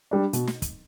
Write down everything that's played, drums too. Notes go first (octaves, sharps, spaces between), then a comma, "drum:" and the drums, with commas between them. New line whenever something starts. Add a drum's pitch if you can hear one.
G3 D4
B2, drum: hi-hat
drum: snare
drum: kick, hi-hat